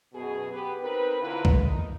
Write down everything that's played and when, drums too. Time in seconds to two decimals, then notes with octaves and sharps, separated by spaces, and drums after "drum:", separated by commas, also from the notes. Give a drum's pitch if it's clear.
0.13 F#2 B2 G#4
0.51 B3 G4 B4
0.82 C4 D#4 A#4 B4
1.20 B2 D3 E4 F4 A#4 B4
1.45 drum: kick C2
1.64 D#4